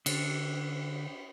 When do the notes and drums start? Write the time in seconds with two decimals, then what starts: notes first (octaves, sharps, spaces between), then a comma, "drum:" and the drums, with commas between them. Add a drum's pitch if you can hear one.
0.06 D3, drum: cymbal